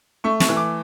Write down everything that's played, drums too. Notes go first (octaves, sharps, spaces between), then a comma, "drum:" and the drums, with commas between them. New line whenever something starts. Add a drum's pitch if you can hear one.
A3 C#6
C#6, drum: snare
E3
D6